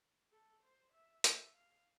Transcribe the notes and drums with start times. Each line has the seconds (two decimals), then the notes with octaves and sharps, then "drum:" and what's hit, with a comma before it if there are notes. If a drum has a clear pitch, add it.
0.31 A4
0.63 C5
0.93 E5
1.24 E5, drum: hi-hat
1.55 F5